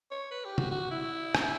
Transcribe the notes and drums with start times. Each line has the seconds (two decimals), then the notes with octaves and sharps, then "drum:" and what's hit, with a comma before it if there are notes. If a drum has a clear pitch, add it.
0.11 C#5
0.31 B4
0.45 G4
0.58 F#4, drum: tom
0.71 F#4
0.91 E4
1.35 drum: rim click